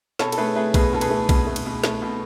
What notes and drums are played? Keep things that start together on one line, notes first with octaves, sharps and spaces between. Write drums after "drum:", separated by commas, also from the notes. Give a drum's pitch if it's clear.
B2 A4 C#5, drum: snare
A4, drum: cymbal
A3 G#4 B4
A3 G#4 B4
B2 G#4 B4, drum: kick B1, cymbal
B2 A4
G#4 B4, drum: cymbal
A3
B2, drum: kick B1, cymbal
A3
drum: cymbal
B2
A3, drum: snare
B2